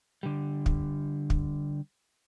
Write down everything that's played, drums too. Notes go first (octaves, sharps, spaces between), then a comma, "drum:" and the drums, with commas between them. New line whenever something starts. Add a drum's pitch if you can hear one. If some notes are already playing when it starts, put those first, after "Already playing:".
D3 G3
drum: kick
drum: kick